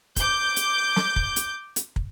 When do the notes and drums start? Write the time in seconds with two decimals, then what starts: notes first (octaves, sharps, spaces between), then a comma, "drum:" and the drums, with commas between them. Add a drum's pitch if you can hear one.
0.16 D6 G6, drum: kick, hi-hat
0.56 drum: hi-hat
0.96 drum: snare
1.16 drum: kick
1.36 drum: hi-hat
1.76 drum: hi-hat
1.96 drum: kick